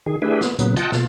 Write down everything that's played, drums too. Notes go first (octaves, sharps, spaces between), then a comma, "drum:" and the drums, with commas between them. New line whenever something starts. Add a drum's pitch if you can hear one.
D#3 G#4
A3 D4 E4 G4 G#4 B4
B3, drum: snare
A#2 C#3 F#3 B3, drum: hi-hat
F4 D#5 F#5 G5 A5, drum: hi-hat
B2 F4, drum: snare